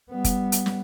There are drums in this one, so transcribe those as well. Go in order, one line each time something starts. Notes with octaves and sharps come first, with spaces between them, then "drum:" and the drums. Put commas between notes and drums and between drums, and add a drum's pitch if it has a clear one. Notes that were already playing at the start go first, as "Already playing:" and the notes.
G3 B3
drum: kick, hi-hat
drum: hi-hat
drum: snare